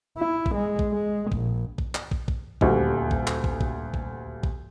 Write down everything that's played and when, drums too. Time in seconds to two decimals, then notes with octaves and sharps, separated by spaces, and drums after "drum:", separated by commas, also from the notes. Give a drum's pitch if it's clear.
0.18 E4
0.46 drum: kick
0.55 G#3
0.79 drum: kick
0.92 G#3
1.32 A#1, drum: kick
1.78 drum: kick
1.95 drum: clap
2.11 drum: kick
2.28 drum: kick
2.61 D#1 D2 G3 F#4, drum: kick
3.11 drum: kick
3.27 drum: clap
3.44 drum: kick
3.61 drum: kick
3.94 drum: kick
4.43 drum: kick